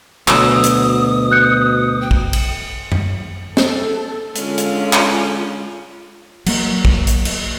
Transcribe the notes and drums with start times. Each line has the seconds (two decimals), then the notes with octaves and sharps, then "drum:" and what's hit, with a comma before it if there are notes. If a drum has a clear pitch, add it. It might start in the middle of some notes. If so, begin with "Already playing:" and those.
0.28 D2 B2 F#3 D#6 E6 E7, drum: clap
0.64 drum: hi-hat
1.32 F#6 G6 C#7
2.01 G5
2.11 drum: kick
2.33 drum: cymbal
2.92 drum: tom F#2
3.57 A4, drum: snare
4.35 D3 G#3 C#4 F4, drum: hi-hat
4.58 drum: hi-hat
4.93 drum: clap
6.46 F#3 A#3, drum: cymbal
6.85 drum: kick
7.07 drum: hi-hat
7.25 drum: cymbal